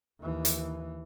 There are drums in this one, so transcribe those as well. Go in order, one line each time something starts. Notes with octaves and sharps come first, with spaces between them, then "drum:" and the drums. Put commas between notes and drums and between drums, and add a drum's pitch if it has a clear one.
D#2 E3
drum: hi-hat